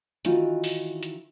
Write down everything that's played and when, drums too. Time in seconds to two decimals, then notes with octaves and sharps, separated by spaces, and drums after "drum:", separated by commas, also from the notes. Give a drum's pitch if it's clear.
0.25 D#3 E3 D#4 F4 F#4, drum: hi-hat
0.64 drum: open hi-hat
1.03 drum: hi-hat